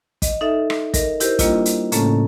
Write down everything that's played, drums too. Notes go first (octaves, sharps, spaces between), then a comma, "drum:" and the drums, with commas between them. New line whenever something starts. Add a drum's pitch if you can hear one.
D#5, drum: kick, hi-hat
D#4 A4 E5
drum: rim click
A#4 D#5, drum: kick, hi-hat
E4 G4 A#4 C5, drum: hi-hat
G3 A#3 D4 E4 F4 D#5, drum: kick, hi-hat
drum: hi-hat
A2 C#3 A3 A#3 C#4 A4, drum: hi-hat